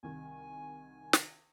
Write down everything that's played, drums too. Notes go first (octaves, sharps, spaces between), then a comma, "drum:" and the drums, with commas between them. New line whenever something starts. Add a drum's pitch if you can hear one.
C2 D#3 G#5
drum: snare